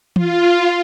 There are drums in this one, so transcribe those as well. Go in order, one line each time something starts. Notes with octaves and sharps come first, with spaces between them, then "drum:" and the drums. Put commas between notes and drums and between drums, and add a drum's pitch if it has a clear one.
F4, drum: tom E3